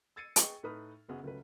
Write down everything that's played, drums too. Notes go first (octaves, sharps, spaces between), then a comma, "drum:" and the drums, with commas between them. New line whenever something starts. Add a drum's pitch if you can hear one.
E6 G#6 A6 C7 C#7 D#7
G#4 B4 D#5 G5 C#6, drum: hi-hat
A2 D#4 B4 B5 D#6 F6
F#1 F#2 B3 F#4 G#4
C#2 C#3 F#3 A3 B4